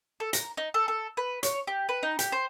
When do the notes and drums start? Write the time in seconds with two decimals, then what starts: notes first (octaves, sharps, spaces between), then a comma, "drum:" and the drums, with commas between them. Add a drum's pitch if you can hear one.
0.20 A4
0.33 A#5, drum: hi-hat
0.57 D#4
0.74 A4
0.88 A4
1.17 B4
1.43 C#5, drum: hi-hat
1.67 G4
1.89 B4
2.03 D#4
2.19 G4, drum: hi-hat
2.32 C5